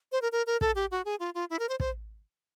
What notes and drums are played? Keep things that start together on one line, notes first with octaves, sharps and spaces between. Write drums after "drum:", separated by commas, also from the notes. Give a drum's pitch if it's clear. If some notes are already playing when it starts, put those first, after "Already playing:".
C5
A#4
A#4
A#4
A4, drum: kick
G4
F#4
G#4
F4
F4
E4
A#4
C5
C5, drum: kick